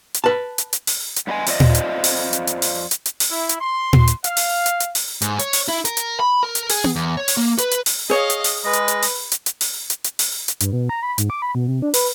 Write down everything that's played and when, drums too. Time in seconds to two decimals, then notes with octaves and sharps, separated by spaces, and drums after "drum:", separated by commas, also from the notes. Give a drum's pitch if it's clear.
0.14 drum: hi-hat
0.24 B4 A5
0.58 drum: hi-hat
0.73 drum: hi-hat
0.87 drum: open hi-hat
1.16 drum: hi-hat
1.27 G2 B3 G4 D#5 G#5
1.47 F2 F3 A#3 C4 D5 D#5, drum: open hi-hat
1.60 drum: tom A#2
1.75 drum: hi-hat
2.04 drum: open hi-hat
2.33 drum: hi-hat
2.47 drum: hi-hat
2.62 drum: open hi-hat
2.91 drum: hi-hat
3.06 drum: hi-hat
3.20 drum: open hi-hat
3.30 E4
3.49 drum: hi-hat
3.60 C6
3.93 drum: tom A#2
4.07 drum: hi-hat
4.24 F5, drum: hi-hat
4.37 drum: open hi-hat
4.66 drum: hi-hat
4.80 drum: hi-hat
4.95 drum: open hi-hat
5.22 G#2, drum: hi-hat
5.39 C#5, drum: hi-hat
5.53 drum: open hi-hat
5.68 E4
5.85 A#4, drum: hi-hat
5.97 drum: hi-hat
6.20 B5
6.43 A#4
6.55 drum: hi-hat
6.69 G#4, drum: open hi-hat
6.84 drum: tom B3
6.96 E2
7.17 C#5
7.28 drum: open hi-hat
7.37 A#3
7.58 B4, drum: hi-hat
7.71 drum: hi-hat
7.86 drum: open hi-hat
8.10 G#4 C#5 D#5 F5
8.30 drum: hi-hat
8.44 drum: open hi-hat
8.64 G#3 B4 D#5
8.73 drum: hi-hat
8.88 drum: hi-hat
9.02 drum: open hi-hat
9.32 drum: hi-hat
9.46 drum: hi-hat
9.61 drum: open hi-hat
9.90 drum: hi-hat
10.04 drum: hi-hat
10.19 drum: open hi-hat
10.48 drum: hi-hat
10.60 G2, drum: hi-hat
10.73 B2
10.89 A#5
11.03 B5
11.18 G#2, drum: hi-hat
11.30 D6
11.42 B5
11.55 B2
11.68 C3
11.82 D4
11.94 B4, drum: open hi-hat